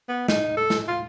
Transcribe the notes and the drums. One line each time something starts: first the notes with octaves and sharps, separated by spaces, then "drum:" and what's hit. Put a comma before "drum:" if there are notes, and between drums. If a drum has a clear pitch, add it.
B3
D#4, drum: snare
A4
drum: snare
F4